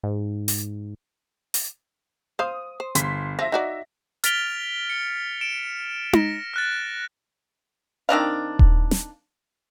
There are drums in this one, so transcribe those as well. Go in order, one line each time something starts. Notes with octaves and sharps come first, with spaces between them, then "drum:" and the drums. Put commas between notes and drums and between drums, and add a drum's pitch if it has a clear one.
G#2
drum: open hi-hat
drum: open hi-hat
C5 F5 D#6
C5
G1 C6 B6, drum: hi-hat
F3 E5 A#6
D#4 F#4 D5
F6 A6 B6 D7 F7 G7, drum: hi-hat
C#7
D7 E7
A#6, drum: tom D#4
F6 F#6 A6
D#3 C4 D4 F5
drum: kick D#1
drum: snare